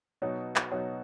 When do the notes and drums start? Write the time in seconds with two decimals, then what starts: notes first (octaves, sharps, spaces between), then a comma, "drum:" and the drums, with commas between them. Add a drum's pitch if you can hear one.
0.22 B2 F#3 B3 D#4 F#4 C#5
0.56 drum: clap
0.71 B2 F#3 B3 D#4 F#4 C#5